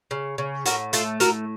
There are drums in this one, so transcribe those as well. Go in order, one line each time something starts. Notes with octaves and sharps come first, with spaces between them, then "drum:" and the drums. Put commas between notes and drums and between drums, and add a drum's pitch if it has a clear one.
C#3
C#3
A2 F#4 A#4, drum: hi-hat
A3 F4 A4, drum: hi-hat
A2 F#4 A#4, drum: hi-hat